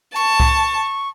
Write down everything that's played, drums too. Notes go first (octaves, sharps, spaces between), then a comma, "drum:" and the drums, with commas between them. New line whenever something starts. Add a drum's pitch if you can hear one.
A5 C#6
drum: kick C2